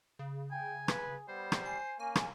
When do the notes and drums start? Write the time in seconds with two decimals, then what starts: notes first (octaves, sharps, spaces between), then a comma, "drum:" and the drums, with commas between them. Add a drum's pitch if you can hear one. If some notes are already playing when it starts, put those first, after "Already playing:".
0.19 C#3
0.51 G5 G#5
0.88 G#4 B4, drum: rim click
1.28 G3 B3 C5
1.52 drum: rim click
1.66 G#5 C7
1.99 A#3 C#4 G#5
2.15 drum: rim click